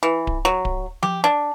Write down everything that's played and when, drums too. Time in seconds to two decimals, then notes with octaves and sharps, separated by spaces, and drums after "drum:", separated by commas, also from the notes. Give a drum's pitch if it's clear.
0.03 E3
0.27 drum: kick D1
0.45 F#3
0.65 drum: kick D1
1.03 G4, drum: tom F3
1.24 D4